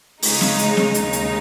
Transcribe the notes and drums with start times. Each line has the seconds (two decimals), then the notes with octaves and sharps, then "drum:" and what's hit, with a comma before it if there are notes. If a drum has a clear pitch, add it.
0.22 C#3 G#3 D#4, drum: open hi-hat
0.41 drum: snare C4
0.59 drum: hi-hat
0.77 drum: snare C4
0.94 D#2 C#3 G#3 D#4, drum: hi-hat
1.13 drum: hi-hat